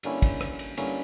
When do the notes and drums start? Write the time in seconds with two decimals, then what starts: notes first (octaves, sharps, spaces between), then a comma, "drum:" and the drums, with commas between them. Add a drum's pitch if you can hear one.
0.03 G2 D3 A#3 C#4 E4, drum: cymbal
0.22 drum: kick, cymbal
0.41 drum: rim click
0.59 drum: cymbal
0.77 G2 D3 A#3 C#4 E4, drum: cymbal